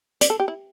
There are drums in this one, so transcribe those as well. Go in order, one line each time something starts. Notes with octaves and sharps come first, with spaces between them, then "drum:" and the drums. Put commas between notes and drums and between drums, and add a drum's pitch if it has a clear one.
D5, drum: hi-hat
A4
G4
E4